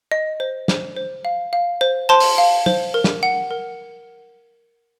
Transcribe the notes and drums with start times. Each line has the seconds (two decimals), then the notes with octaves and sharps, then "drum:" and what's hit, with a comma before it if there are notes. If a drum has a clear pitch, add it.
0.11 D#5
0.40 C5
0.68 C5, drum: snare
0.97 C5
1.25 F5
1.53 F5
1.81 C5
2.09 C5 A5 C6
2.20 drum: open hi-hat
2.38 F5
2.66 C5, drum: tom
2.94 A#4
3.04 drum: snare
3.23 F#5
3.51 A#4